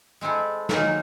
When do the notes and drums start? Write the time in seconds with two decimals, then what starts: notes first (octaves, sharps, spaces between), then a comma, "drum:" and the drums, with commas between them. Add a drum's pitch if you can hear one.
0.21 G#3 C4 E4 A4
0.69 D#3 F#3 A#3 D#4 G#4, drum: snare